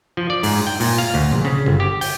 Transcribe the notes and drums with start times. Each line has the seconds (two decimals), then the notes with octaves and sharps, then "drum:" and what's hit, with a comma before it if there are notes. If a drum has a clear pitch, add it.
0.17 F3
0.30 D5
0.43 G#2, drum: open hi-hat
0.67 G5
0.80 A#2, drum: open hi-hat
0.98 F5
1.14 D2
1.31 A#1
1.45 C#3
1.66 G1
1.80 G4
2.01 G5, drum: open hi-hat